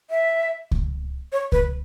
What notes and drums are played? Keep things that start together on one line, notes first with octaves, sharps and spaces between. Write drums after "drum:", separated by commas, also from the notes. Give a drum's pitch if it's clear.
E5
drum: kick C#2
C#5
B4, drum: kick C#2